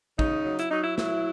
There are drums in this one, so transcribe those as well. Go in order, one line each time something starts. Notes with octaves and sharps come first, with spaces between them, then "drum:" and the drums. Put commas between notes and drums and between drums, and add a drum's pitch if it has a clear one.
C#3 D#4, drum: kick
F#3
E4, drum: hi-hat
F#3 D#4
E4
F#3 E4, drum: snare